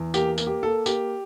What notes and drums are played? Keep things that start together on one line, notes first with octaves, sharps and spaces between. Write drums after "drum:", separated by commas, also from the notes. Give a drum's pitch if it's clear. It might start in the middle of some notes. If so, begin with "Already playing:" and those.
Already playing: E2
A#3 G4, drum: tambourine
A#3, drum: tambourine
G4
A#3 A4
A#3 G4, drum: tambourine